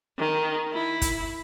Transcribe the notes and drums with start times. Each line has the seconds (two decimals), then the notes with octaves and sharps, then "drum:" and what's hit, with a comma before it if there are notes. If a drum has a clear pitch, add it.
0.18 D#3
0.72 E4
1.02 drum: kick, hi-hat